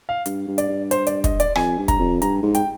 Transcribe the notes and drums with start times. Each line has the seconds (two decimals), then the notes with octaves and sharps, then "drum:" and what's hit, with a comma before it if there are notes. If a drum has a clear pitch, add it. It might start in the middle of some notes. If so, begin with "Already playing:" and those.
0.09 F5
0.26 G2, drum: hi-hat
0.48 G2
0.58 D5, drum: hi-hat
0.69 G2
0.91 C5, drum: hi-hat
1.07 D5, drum: hi-hat
1.24 D#5, drum: kick, hi-hat
1.40 D5, drum: hi-hat
1.55 F2 G#5, drum: rim click
1.78 G2
1.88 A#5, drum: kick, hi-hat
1.99 F2
2.22 G2 A#5, drum: hi-hat
2.43 G#2
2.55 G5, drum: hi-hat